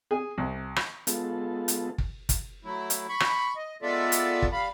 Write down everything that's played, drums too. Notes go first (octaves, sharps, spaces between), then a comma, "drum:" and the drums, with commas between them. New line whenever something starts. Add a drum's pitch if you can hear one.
G#4
C2
drum: rim click
G#3 B3 F4 A4, drum: hi-hat
drum: hi-hat
drum: kick
drum: kick, hi-hat
F#3 A3 E4
drum: hi-hat
B5 C#6
drum: rim click
D#5
G#3 B3 F4 A4 D5 E5
drum: hi-hat
drum: kick
G3 F5 B5